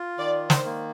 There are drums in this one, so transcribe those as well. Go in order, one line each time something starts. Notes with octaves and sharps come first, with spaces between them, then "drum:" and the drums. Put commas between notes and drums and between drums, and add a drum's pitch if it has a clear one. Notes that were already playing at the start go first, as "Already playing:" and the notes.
Already playing: F4
D#3 D5
C5, drum: snare
A#3